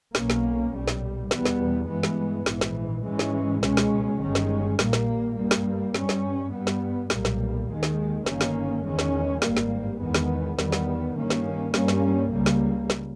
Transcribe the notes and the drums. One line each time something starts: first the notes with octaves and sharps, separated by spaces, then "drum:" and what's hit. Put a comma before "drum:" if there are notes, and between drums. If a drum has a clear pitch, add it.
B1 B2 A#3 C#4, drum: snare
drum: snare
B1 A#2 G3
drum: snare
E2 B2 G3 B3, drum: snare
drum: snare
G2 E3 G#3 B3
drum: snare
A#1 G#2 E3, drum: snare
drum: snare
G#2 E3 G#3 C#4
drum: snare
C#2 B2 G#3 C#4, drum: snare
drum: snare
G1 G2 D#3 G#3 C#4
drum: snare
A#1 A#2 G3 A#3, drum: snare
drum: snare
G2 G3 A#3
drum: snare
G2 G3 C#4, drum: snare
drum: snare
G2 G3 B3
drum: snare
B1 A#2 G3 A#3, drum: snare
drum: snare
D#2 D#3 G#3
drum: snare
G1 G2 D#3 A#3 C#4, drum: snare
drum: snare
E2 D#3 G#3 C#4
drum: snare
G#1 G2 G3 A#3, drum: snare
drum: snare
E2 D#3 G#3 B3
drum: snare
E2 D#3 G3 B3, drum: snare
drum: snare
G2 D#3 A#3 C#4
drum: snare
G2 G3 A#3 C#4, drum: snare
drum: snare
C#2 C#3 G3 A#3
drum: snare
drum: snare